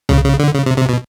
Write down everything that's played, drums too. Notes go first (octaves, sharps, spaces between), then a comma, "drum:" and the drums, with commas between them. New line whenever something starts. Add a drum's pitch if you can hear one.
C#3, drum: tom C2
C#3
D3
C#3
C3
C3
B2